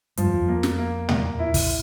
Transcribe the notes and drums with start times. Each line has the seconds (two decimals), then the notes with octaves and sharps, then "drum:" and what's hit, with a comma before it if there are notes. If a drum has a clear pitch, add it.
0.17 G2 F3, drum: hi-hat
0.26 F2
0.34 E2
0.41 F2
0.48 A#3
0.63 drum: snare
0.78 A#3
1.09 A#3, drum: tom
1.39 E4
1.54 drum: kick, open hi-hat